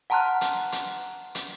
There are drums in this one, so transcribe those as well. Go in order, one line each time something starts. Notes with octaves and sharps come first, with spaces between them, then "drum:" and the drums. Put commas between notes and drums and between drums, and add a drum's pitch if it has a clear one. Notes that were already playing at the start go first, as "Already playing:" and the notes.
F#5 A5 A#5 C6 F6 F#6
drum: hi-hat
drum: hi-hat
drum: hi-hat